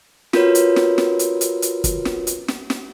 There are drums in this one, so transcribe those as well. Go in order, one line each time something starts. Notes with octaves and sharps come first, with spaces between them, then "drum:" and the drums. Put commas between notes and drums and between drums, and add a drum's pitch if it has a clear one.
F4 F#4 A#4 B4 C#5, drum: snare
drum: hi-hat
drum: snare
drum: snare
drum: hi-hat
drum: hi-hat
drum: hi-hat
drum: kick, hi-hat
drum: snare
drum: hi-hat
drum: snare
drum: snare